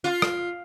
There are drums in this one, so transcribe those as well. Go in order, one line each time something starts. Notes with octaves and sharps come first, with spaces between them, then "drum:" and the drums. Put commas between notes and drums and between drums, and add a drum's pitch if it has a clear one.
F4
drum: rim click